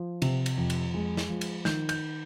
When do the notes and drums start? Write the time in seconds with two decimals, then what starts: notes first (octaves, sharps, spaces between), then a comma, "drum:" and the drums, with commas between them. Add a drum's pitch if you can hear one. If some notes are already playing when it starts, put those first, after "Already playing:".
Already playing: F3
0.22 C3, drum: cymbal
0.46 drum: cymbal
0.57 F2
0.70 drum: cymbal
0.94 G#3
1.17 drum: snare
1.29 F3
1.41 drum: cymbal
1.65 D#3 G6, drum: snare
1.89 G6, drum: cymbal